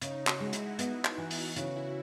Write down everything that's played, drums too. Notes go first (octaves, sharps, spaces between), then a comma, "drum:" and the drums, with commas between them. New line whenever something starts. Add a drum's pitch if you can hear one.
C#3 D#4, drum: hi-hat
F#4, drum: clap
G#3
E4, drum: hi-hat
B3 F#4, drum: hi-hat
drum: clap
E3 F#4
drum: open hi-hat
C#3 F#4, drum: hi-hat
E4